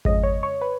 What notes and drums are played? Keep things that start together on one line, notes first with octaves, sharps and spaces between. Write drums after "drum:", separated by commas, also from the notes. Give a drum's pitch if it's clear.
F2 C#3 F3 G#3 D#5, drum: kick G#1
C#5
C#5
B4